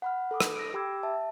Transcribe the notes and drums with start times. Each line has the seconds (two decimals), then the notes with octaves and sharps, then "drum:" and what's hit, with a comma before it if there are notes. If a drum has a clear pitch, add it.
0.02 F#5 B5 F6
0.31 A4 B5 D6 D#6
0.40 drum: rim click
0.56 A#6 D7
0.74 G4 G5 B5 D6 E6 G#6
1.03 E5 A5